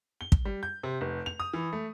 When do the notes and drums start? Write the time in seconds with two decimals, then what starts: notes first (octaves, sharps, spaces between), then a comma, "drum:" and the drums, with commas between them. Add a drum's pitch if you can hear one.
0.21 G7
0.32 drum: kick
0.45 G3
0.63 G6
0.83 C3
1.01 F1
1.26 F7
1.40 D#6
1.53 E3
1.73 A3